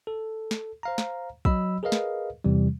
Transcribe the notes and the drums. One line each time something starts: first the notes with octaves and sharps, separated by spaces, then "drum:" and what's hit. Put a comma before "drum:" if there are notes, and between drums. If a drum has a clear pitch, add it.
A4
drum: snare
C5 F5 A#5
drum: snare
F#3 D#5 B5 E6, drum: kick
G#4 A#4 B4 D#5 F5
drum: snare
E2 C3 E3 G3